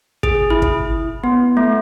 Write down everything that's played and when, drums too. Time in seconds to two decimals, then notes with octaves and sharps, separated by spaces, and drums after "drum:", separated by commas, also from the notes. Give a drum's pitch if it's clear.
0.23 G#4, drum: kick
0.50 E4
0.62 drum: kick
1.24 B3
1.57 A3